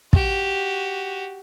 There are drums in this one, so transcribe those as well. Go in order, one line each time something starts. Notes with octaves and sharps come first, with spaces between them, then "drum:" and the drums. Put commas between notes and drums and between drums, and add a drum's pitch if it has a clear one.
F#4 G4, drum: kick